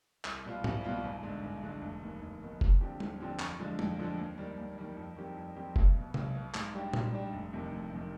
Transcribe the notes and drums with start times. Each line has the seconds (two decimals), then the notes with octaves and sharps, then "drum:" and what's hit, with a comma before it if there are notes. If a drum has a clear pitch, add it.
0.25 C2, drum: clap
0.45 B2 G3 B3 F4
0.64 C2, drum: tom G#2
0.84 B2 G3 B3 F4
1.04 G#1
1.23 G2 D3 G#3
1.43 G#1
1.63 G2 D3 G#3
1.82 F1
2.02 D#2 D#3 B3
2.21 F1
2.42 D#2 D#3 B3
2.61 D#2, drum: kick
2.81 D3 F3 C4 G4
3.00 D#2, drum: tom G3
3.20 D3 F3 C4 G4
3.39 F2, drum: clap
3.60 D3 F3 G#3
3.79 F2, drum: tom G3
3.99 D3 F3 G#3
4.18 D#2
4.38 D#3 G3
4.58 D#2
4.78 D#3 G3
4.97 F2
5.17 D#3 G3 C4 G4
5.37 F2
5.56 D#3 G3 C4 G4
5.76 B1, drum: kick
5.96 B2 B3
6.14 B1, drum: tom C3
6.35 B2 B3
6.54 G#2, drum: clap
6.74 G3 D4 G4
6.93 G#2, drum: tom A#2
7.13 G3 D4 G4
7.33 F1
7.53 F2 C3 D#3
7.72 F1
7.91 F2 C3 D#3